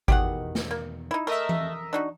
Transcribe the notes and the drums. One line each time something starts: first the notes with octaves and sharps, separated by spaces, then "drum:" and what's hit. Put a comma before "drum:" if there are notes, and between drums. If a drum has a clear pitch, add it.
E2 B2 D#3 G4 G#4 F#5, drum: kick G#1
drum: snare
A#3
D#4 E4
A3 A#4 D#5 E5
drum: tom E3
D4 D#4 F#4